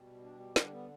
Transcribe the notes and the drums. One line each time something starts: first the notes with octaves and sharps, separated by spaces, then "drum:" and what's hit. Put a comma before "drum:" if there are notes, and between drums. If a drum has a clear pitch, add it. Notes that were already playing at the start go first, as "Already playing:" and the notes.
Already playing: B2 G3
D4
G4
D3 G3 D4, drum: snare
B3